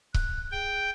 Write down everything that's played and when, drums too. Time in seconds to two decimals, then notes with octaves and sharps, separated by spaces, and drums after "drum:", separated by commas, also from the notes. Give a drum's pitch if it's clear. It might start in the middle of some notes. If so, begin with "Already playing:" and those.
0.14 F#6, drum: kick C#1
0.52 G#4 G5